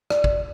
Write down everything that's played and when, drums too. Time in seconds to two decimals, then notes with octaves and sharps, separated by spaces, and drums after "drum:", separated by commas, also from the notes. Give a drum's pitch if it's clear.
0.10 D5, drum: rim click
0.24 drum: kick